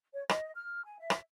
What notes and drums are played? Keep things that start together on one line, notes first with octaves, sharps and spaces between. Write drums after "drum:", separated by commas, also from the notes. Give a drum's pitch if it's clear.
C#5
D#5, drum: rim click
F6
G#5
E5
drum: rim click